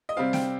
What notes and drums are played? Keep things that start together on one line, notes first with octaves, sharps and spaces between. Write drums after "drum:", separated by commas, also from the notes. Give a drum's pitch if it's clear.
D#5
C3 G3 C4 F5
G5, drum: snare